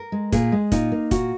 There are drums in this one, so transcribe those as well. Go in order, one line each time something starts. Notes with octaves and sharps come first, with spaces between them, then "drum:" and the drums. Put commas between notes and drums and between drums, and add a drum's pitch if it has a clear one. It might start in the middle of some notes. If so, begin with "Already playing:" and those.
Already playing: A#4
G#3
A#2 G#4, drum: kick F1, hi-hat
G#3
A#2 D#4, drum: kick F1, hi-hat
A#3
A#2 F#4, drum: kick F1, hi-hat